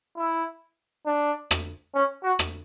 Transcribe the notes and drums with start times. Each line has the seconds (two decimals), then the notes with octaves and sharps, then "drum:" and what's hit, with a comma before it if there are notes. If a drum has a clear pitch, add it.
0.18 E4
1.06 D4
1.51 drum: rim click
1.95 C#4
2.24 F#4
2.39 drum: rim click